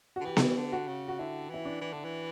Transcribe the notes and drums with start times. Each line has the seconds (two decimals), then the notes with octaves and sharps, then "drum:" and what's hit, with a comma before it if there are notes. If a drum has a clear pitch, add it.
0.16 D3 F#4
0.25 E3 G4
0.37 drum: snare B3
0.57 D3
0.72 F#4
0.88 C#3
1.08 F#4
1.19 D3 E4
1.50 E3 E4
1.65 D4
1.81 E3
1.93 D3
2.04 E3